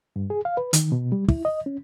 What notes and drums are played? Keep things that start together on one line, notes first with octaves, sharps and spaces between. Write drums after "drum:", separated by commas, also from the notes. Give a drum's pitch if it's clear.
G2
G#4
F5
B4
D#3, drum: hi-hat
B2
G3
E4, drum: kick
D#5
C#4